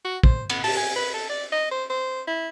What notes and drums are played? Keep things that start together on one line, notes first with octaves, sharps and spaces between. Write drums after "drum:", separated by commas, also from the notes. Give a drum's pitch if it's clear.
F#4
C5, drum: kick
B3, drum: cymbal
A5, drum: open hi-hat
G#5
B4
A4
D5
D#5
C5
C5
E4